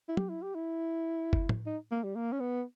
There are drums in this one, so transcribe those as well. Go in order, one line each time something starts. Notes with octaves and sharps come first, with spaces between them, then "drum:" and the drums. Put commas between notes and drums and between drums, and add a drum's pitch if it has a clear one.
E4
G4, drum: tom
E4
G4
E4
drum: kick G1
drum: tom
D#4
A#3
G3
A#3
C#4
B3